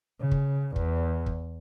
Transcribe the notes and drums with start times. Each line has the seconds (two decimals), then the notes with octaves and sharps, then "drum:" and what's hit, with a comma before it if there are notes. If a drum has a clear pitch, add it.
0.21 C#3
0.32 drum: kick
0.76 E2, drum: kick
1.26 drum: kick